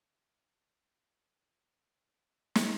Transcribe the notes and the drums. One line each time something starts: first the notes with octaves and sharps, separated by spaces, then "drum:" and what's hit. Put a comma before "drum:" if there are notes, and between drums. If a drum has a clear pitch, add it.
F#5 A#6
D5 E5
G5 F6
drum: snare